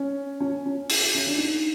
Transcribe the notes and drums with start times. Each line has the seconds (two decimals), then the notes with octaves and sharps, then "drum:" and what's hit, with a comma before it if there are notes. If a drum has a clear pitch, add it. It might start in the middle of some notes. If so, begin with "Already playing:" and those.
Already playing: C#4
0.40 C#4
0.66 C#4
0.90 E4, drum: open hi-hat
1.02 E4
1.15 C#4
1.27 D4
1.38 D#4